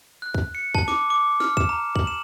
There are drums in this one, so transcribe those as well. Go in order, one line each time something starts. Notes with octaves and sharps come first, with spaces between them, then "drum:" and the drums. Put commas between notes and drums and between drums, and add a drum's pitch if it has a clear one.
F#6
drum: kick
C#7
A5, drum: kick
D6, drum: snare
D6
F6, drum: snare
E7, drum: kick
A#5
F#7, drum: kick
E7